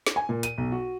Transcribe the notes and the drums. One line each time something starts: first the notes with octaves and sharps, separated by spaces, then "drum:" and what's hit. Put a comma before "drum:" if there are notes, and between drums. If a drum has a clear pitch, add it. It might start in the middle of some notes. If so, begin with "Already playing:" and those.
drum: snare
G#5
A#2
D#7, drum: hi-hat
B1
F#4